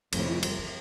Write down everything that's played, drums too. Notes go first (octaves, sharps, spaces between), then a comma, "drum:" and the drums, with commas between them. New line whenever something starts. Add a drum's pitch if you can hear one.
F2 A2 C#3 E3, drum: cymbal
F3
G3, drum: cymbal
F3